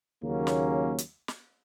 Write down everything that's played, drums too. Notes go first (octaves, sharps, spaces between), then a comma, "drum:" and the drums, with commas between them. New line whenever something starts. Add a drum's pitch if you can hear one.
D#2 C#3 F#3 A#3 C#4
drum: snare
drum: hi-hat
drum: snare